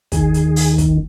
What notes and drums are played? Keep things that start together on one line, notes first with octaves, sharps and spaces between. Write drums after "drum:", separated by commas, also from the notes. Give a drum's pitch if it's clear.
D#2 D#3 G#4, drum: kick, hi-hat
drum: hi-hat
drum: open hi-hat
drum: kick, hi-hat